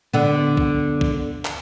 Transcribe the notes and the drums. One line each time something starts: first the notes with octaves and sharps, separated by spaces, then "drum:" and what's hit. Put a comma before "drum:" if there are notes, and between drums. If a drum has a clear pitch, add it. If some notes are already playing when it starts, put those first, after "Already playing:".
D3 B3
drum: kick
drum: kick
drum: clap